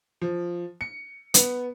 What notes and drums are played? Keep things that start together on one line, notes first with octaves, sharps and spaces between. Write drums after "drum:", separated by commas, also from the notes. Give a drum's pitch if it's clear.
F3
C#7
B3, drum: hi-hat